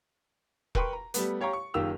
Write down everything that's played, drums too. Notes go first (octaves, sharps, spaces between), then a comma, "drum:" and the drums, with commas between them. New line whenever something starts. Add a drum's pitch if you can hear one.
A#4 B4 G5 C6 C#6, drum: kick E1
A#5
G3 A3 B3, drum: hi-hat
G4 C#5 F5 G5 A#5 C#6
C#6
F#1 D#3 F4 G4 E6 F7